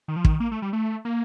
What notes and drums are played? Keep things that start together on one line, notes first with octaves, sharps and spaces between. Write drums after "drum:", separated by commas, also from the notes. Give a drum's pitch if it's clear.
D#3
F3
D#3, drum: kick
A#3
A3
G3
A3
A#3